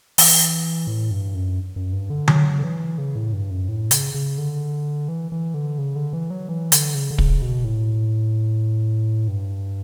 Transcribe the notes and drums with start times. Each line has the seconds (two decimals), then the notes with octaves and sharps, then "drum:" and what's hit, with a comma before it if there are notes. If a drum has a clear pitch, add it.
0.18 E3, drum: open hi-hat
0.87 A2
1.11 G2
1.35 F#2
1.76 F#2
1.93 G2
2.10 D3
2.28 F#3, drum: tom D3
2.59 D3
2.63 E3
2.98 C#3
3.15 A2
3.33 G2
3.51 F#2
3.68 A2
3.91 C#3, drum: hi-hat
4.14 C#3
4.38 D3
5.08 E3
5.32 E3
5.54 D3
5.78 C#3
5.95 D3
6.13 E3
6.30 F#3
6.48 E3
6.72 D3, drum: hi-hat
6.95 C#3
7.11 D3
7.18 C#3, drum: kick
7.42 B2
7.64 A2
9.28 G2